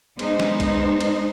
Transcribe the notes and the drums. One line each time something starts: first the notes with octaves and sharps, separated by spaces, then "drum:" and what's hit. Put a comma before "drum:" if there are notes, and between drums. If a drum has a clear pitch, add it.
G#3 B3 D4 D#4 C5, drum: cymbal
drum: snare
drum: kick B1, cymbal
drum: cymbal